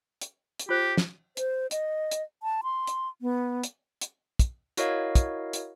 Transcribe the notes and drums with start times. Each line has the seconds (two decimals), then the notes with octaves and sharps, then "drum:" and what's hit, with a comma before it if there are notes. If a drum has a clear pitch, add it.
0.21 drum: hi-hat
0.59 drum: hi-hat
0.69 F4 G4 C5
0.97 drum: snare
1.37 C5, drum: hi-hat
1.71 D#5, drum: hi-hat
2.11 drum: hi-hat
2.43 A5
2.63 C6
2.87 drum: hi-hat
3.22 B3
3.63 drum: hi-hat
4.01 drum: hi-hat
4.39 drum: kick, hi-hat
4.77 E4 F#4 A#4 C#5 D#5 F5, drum: hi-hat
5.15 drum: kick, hi-hat
5.53 drum: hi-hat